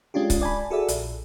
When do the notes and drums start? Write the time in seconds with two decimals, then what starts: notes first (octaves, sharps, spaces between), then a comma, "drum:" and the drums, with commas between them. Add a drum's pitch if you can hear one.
0.14 G#3 C#4 D4 F4 G4
0.30 drum: kick C#1, hi-hat
0.41 D5 G#5 A5 B5
0.71 F#4 G#4 A4 D5 E5
0.89 A#1, drum: hi-hat